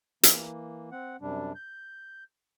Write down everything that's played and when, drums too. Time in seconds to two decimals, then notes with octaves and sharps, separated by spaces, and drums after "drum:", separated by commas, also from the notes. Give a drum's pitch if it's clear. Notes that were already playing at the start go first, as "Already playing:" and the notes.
0.23 E3 A#3, drum: hi-hat
0.92 C4 F#5
1.21 F#2 C3 G3 D4
1.55 G6